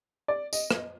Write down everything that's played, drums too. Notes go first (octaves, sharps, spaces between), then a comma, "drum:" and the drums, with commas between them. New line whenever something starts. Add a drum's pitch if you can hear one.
D5
D#5, drum: tambourine
drum: rim click